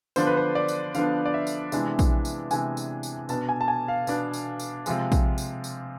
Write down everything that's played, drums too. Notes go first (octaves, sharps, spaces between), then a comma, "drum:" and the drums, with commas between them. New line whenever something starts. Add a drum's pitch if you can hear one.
D3 F3 B3 D4 C5, drum: tambourine
B4
C5
D5
drum: tambourine
D3 F3 B3 D4 F5, drum: tambourine
D5
E5
drum: tambourine
C3 E3 G#3 B3 D4, drum: tambourine
drum: kick A#1, tambourine
drum: tambourine
C3 E3 G#3 B3 D4 G#5, drum: tambourine
drum: tambourine
drum: tambourine
B2 B3 D4 A5, drum: tambourine
G#5
A5
G#5
F5
B2 B3 D4, drum: tambourine
drum: tambourine
drum: tambourine
C3 F3 G#3, drum: tambourine
drum: kick A#1, tambourine
drum: tambourine
drum: tambourine